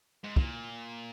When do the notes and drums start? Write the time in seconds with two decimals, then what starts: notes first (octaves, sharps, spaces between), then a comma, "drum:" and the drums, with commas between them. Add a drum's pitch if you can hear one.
0.24 G#2
0.36 A#2, drum: kick